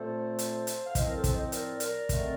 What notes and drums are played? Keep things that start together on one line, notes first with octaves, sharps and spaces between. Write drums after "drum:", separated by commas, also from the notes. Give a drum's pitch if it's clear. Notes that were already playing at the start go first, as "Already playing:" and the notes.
Already playing: A#2 A3 C4 A4 C5
drum: hi-hat
drum: hi-hat
F5
A2 F3 C4 C5 D#5, drum: kick, hi-hat
A#4
A4 C5
drum: kick, hi-hat
C5 D#5
A#4 D5, drum: hi-hat
A#4 D5, drum: hi-hat
F2 D3 A3 C4, drum: kick, hi-hat